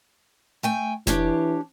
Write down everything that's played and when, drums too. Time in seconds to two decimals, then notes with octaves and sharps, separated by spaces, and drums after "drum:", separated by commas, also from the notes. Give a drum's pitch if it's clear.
0.63 A3 G5 G#5
1.07 E3 D4 G4 C#5, drum: snare F1